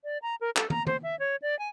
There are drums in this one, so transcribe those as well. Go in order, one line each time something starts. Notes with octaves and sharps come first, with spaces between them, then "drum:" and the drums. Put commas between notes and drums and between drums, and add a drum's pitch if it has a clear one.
D5
A#5
A#4
A4, drum: clap
A#5, drum: tom
C5, drum: tom
E5
C#5
D5
G#5